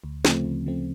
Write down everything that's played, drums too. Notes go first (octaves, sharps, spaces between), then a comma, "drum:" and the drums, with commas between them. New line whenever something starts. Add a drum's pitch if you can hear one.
D2
C#3 F3 A3 C4, drum: snare
D2
C#3 F3 A3 C4